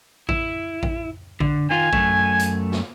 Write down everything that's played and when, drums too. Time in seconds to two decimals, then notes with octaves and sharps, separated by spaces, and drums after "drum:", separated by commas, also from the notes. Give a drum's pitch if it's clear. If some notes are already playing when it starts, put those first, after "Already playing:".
0.29 E4, drum: kick A1
0.83 drum: kick A1
1.40 D3, drum: kick A1
1.70 D#3 F4 G#5
1.93 F#2 A3, drum: kick A1
2.40 drum: hi-hat
2.72 drum: snare